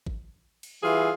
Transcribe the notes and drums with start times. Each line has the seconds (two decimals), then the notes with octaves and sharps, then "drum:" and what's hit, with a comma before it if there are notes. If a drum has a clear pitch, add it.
0.07 drum: kick G#1
0.63 drum: cymbal
0.83 E3 G3 F4 G#4